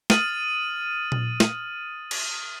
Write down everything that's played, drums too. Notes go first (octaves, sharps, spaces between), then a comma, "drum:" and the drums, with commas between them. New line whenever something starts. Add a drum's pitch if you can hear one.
D#6 F6 A6 D#7 F#7, drum: snare
drum: tom A#2
drum: snare
drum: cymbal